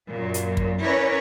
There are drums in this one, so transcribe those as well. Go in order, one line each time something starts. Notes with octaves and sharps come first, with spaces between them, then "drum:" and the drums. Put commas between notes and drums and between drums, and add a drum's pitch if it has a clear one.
F#2 A#2 F#3
drum: hi-hat
drum: kick
C#4 E4 A#4 B4 C#5 D5